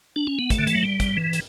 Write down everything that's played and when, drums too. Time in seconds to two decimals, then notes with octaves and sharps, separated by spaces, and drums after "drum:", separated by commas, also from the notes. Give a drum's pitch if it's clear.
0.16 D4
0.27 C#4
0.39 B3
0.50 A3, drum: kick, hi-hat
0.58 D3
0.67 E3, drum: hi-hat
0.75 F#3
0.83 G3
1.00 drum: kick, hi-hat
1.17 E3
1.33 drum: hi-hat